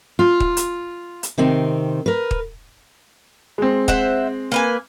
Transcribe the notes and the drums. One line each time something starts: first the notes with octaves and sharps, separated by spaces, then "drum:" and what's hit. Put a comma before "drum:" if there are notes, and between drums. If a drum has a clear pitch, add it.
F4
drum: kick
drum: hi-hat
drum: hi-hat
C3 D#3 C4
A#4 B4
drum: kick
G#3 C4
C5 E5 F#5, drum: kick
A#3 B4 G#5